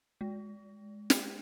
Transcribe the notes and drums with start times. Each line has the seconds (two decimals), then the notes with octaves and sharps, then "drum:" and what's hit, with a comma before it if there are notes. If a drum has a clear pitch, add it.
0.21 G#3
1.10 drum: snare